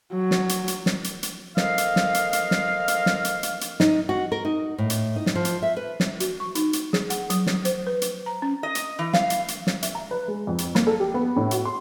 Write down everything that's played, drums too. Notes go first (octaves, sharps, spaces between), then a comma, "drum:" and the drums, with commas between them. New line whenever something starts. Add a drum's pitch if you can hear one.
F#3
drum: snare
drum: hi-hat
drum: hi-hat
drum: snare
drum: hi-hat
drum: hi-hat
A4 A#4 C5 D#5 F5, drum: snare
drum: hi-hat
drum: snare
drum: hi-hat
drum: hi-hat
drum: snare
drum: hi-hat
drum: snare
drum: hi-hat
drum: hi-hat
drum: hi-hat
D#4, drum: snare
F#4
A#4
D#4
A2
drum: hi-hat
D#4
drum: snare
F3
drum: hi-hat
E5
B4
drum: snare
F#4, drum: hi-hat
C#6
D#4, drum: hi-hat
drum: hi-hat
G#4, drum: snare
F#5, drum: hi-hat
F#3, drum: hi-hat
drum: snare
C5, drum: hi-hat
B4
drum: hi-hat
A#5
C#4
D#5
drum: hi-hat
E3
F5, drum: snare
drum: hi-hat
drum: hi-hat
drum: snare
E5, drum: hi-hat
A#5
B4
G#3
F2
drum: hi-hat
A#3, drum: snare
A4
G4
B3
A2
F#4, drum: hi-hat
C6